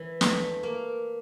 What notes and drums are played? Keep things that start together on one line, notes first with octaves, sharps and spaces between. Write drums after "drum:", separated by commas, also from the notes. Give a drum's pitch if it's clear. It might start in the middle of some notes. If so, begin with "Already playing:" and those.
Already playing: E3
A3, drum: snare
A#3